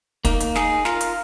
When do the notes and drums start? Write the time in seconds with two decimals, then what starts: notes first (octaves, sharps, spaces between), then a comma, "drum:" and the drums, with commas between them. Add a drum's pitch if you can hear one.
0.25 A#3 D#4, drum: kick, hi-hat
0.40 drum: hi-hat
0.55 D#4 G#4, drum: snare
0.85 F4 A#4, drum: snare
1.01 drum: hi-hat